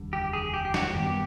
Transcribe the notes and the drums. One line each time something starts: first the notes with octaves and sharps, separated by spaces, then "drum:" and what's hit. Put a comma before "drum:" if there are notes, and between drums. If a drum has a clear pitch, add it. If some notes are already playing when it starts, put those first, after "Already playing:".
Already playing: F1 D#2 D3 G3
G4
G#4
G4
G4
F#4, drum: snare
F#2 D#3 G3 B3 G4